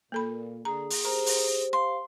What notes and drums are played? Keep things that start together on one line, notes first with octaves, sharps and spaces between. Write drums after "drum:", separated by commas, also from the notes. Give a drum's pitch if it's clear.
A#2 A#3 A4 B5
D3 G#4 A#5
drum: open hi-hat
G4 A#4 C5
drum: open hi-hat
F5 C6